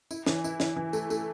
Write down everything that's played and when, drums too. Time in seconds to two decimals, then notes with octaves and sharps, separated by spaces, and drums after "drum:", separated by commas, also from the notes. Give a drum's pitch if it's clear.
0.11 E4, drum: tambourine
0.26 E3, drum: snare
0.44 E4, drum: tambourine
0.60 E3, drum: snare
0.76 E3
0.93 A3, drum: tambourine
1.10 A3, drum: tambourine